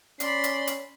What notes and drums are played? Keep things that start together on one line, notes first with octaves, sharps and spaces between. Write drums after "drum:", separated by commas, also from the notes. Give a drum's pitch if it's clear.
C#4 D5 B5 C6, drum: hi-hat
drum: hi-hat
drum: hi-hat